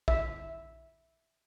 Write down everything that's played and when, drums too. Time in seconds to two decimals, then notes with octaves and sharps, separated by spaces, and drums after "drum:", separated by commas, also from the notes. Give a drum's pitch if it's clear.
0.08 E5, drum: kick A#1